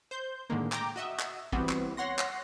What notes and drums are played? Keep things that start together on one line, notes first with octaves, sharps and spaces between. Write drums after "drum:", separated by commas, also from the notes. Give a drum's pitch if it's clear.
C5 G6
A2 D3 D#3 G#3 A#3
G5 A#5 D6, drum: clap
F#4 D#5 E5
drum: clap
E3 G3 B3 C4 F#4 G4, drum: kick
drum: clap
C#5 F#5 C6 A#6
drum: clap